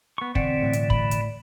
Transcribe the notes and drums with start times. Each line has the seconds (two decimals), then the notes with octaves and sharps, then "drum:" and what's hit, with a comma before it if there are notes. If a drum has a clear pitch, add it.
0.18 B3 C#6
0.35 B2 D3 E3 C4 D5 F#5, drum: kick
0.62 A2
0.73 drum: hi-hat
0.90 B5, drum: kick
1.11 drum: hi-hat